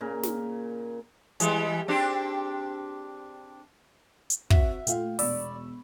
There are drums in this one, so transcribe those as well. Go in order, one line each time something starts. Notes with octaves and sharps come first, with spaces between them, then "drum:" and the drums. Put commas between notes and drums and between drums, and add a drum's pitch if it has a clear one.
A#2 C#3 A#4
drum: snare
E3 G3 G#3, drum: hi-hat
C4 D4 G4
drum: hi-hat
C4 F#4 E5 F#5, drum: kick
A#2 A3 F4 F5 G5, drum: hi-hat
E1 B2 D5 B5 C#6 E6, drum: open hi-hat